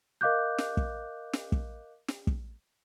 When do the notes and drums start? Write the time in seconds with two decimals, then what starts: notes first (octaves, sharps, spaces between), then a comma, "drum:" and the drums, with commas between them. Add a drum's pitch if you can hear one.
0.21 A#4 D#5 F5 D6 F#6 G6
0.58 drum: snare
0.77 drum: kick
1.33 drum: snare
1.52 drum: kick
2.08 drum: snare
2.27 drum: kick